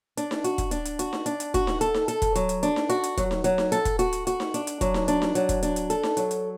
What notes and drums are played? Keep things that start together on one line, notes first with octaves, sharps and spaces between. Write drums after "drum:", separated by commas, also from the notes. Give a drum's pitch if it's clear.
D4, drum: hi-hat
drum: snare D#4
F#4, drum: hi-hat
drum: kick, hi-hat
D4, drum: hi-hat
drum: hi-hat
F#4, drum: hi-hat
drum: snare D#4
D4, drum: hi-hat
drum: hi-hat
F#4, drum: kick, hi-hat
drum: snare D#4
A4, drum: hi-hat
drum: snare D#4
A4, drum: hi-hat
drum: kick, hi-hat
F#3, drum: hi-hat
drum: hi-hat
D4, drum: hi-hat
drum: snare D#4
F#4, drum: hi-hat
drum: hi-hat
F#3, drum: kick, hi-hat
drum: snare D#4
F#3, drum: hi-hat
drum: snare D#4
A4, drum: hi-hat
drum: kick, hi-hat
F#4, drum: hi-hat
drum: hi-hat
F#4, drum: hi-hat
drum: snare D#4
D4, drum: hi-hat
drum: hi-hat
F#3, drum: kick, hi-hat
drum: snare D#4
D4, drum: hi-hat
drum: snare D#4
F#3, drum: hi-hat
drum: kick, hi-hat
D4, drum: hi-hat
drum: hi-hat
A4, drum: hi-hat
drum: snare D#4
F#3, drum: hi-hat
drum: hi-hat